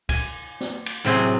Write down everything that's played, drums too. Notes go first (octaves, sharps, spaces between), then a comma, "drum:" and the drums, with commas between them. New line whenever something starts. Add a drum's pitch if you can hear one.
G#5, drum: kick, cymbal
drum: snare
drum: cymbal
A2 C3 F#3 C4 G#4